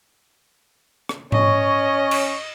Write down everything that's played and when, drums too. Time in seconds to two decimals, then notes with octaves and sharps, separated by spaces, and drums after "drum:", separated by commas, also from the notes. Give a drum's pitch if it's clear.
1.09 drum: rim click
1.32 C#4 C#5 D#5 C#6, drum: tom G#2
2.11 drum: cymbal